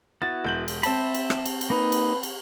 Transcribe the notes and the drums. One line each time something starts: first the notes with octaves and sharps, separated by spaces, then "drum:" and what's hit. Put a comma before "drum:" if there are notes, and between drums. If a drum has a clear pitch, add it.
B3 E4 F#4 A6
E1 G6 F#7
drum: cymbal
C4 E5 A5 B5, drum: cymbal
drum: cymbal
drum: rim click
drum: cymbal
drum: cymbal
A#3 D#4 B4
drum: cymbal
drum: cymbal